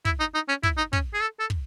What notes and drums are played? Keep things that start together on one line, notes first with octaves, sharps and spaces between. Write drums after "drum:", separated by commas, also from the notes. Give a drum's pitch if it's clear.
E4, drum: kick
D#4
D#4
C#4
E4, drum: kick
D#4
C#4, drum: kick
G#4
A4
A4
drum: kick